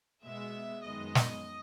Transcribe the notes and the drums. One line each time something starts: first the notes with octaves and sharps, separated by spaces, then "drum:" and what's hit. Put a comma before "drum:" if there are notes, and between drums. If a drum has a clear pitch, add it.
B2 G#3 B3 E5
F#2 D#3 G#3 B3 D#5
drum: snare